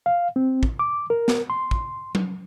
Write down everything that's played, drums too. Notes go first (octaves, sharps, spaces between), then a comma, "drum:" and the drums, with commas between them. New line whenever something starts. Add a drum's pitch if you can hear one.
F5
C4
drum: kick
D6
A#4
drum: snare
C6
drum: kick
drum: tom F#3